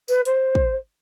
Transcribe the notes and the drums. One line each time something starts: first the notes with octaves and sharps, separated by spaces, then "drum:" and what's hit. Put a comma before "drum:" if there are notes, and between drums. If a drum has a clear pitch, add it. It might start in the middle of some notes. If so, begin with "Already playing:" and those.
B4, drum: tambourine
C5, drum: hi-hat
drum: kick